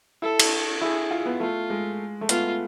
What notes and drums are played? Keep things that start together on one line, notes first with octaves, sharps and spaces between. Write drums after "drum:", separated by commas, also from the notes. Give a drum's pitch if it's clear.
E4 A4
drum: cymbal
E4 G#4
F4
B3
A3 F4
G#3
A3
B3 F4, drum: hi-hat